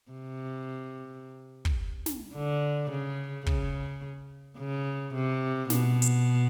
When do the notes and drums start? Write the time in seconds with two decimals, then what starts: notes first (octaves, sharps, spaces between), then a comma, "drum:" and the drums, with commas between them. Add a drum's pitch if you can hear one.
0.11 C3
1.65 drum: kick
2.06 drum: snare
2.35 D3
2.90 C#3
3.46 C#3, drum: kick
4.58 C#3
5.14 C3
5.70 B2, drum: snare
6.02 drum: hi-hat